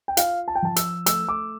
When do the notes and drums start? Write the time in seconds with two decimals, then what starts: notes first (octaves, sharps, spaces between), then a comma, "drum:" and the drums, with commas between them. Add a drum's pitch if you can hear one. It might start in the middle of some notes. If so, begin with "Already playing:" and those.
0.08 G5
0.17 F4 F5, drum: hi-hat
0.48 A5
0.55 G5
0.62 F3 A5
0.76 E6, drum: hi-hat
1.06 A3 E6, drum: hi-hat
1.29 D6